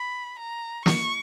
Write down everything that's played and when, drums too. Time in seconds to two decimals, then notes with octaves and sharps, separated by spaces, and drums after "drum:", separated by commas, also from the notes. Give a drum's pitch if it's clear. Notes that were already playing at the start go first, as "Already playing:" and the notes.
Already playing: B5
0.39 A#5
0.86 C#6, drum: snare